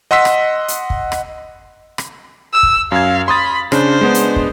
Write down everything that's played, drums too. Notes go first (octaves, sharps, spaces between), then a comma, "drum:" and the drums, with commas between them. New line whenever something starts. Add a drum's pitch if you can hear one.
D#5 F#5 C6 E6 B6
drum: rim click
drum: hi-hat
drum: kick
drum: rim click
drum: rim click
E6
drum: kick
F#2 F5 G#6
B5 C6 D#6 A6
C#3 D4 C5, drum: rim click
G#3 B3 D4
drum: hi-hat
drum: kick